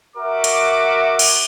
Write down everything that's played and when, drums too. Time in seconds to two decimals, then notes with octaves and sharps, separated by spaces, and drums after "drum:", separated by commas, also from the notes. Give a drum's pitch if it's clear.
0.16 F#4 A#4 E5 D6
0.44 drum: hi-hat
1.19 drum: cymbal